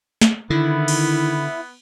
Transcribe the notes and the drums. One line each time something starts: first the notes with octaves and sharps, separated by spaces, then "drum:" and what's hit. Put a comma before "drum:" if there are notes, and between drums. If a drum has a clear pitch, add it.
drum: snare
D3 D#3 B3 E4
drum: cymbal